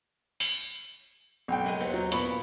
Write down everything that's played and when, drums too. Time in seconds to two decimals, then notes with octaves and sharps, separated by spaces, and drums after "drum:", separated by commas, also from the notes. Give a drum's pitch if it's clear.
0.40 drum: open hi-hat
1.48 B1 F#5 G5
1.64 F#2 G#3 D#6
1.81 D#2 B3 C4
1.94 F#3
2.12 A#2 B3 E4 B5 C#6, drum: hi-hat